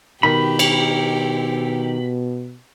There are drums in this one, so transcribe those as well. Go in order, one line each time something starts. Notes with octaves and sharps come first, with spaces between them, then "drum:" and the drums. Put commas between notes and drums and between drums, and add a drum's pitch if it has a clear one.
B2 D#3 G4 B5
drum: cymbal